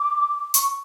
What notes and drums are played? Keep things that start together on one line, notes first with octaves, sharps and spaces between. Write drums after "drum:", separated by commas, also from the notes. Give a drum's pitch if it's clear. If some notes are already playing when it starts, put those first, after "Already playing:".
Already playing: D6
C#6, drum: hi-hat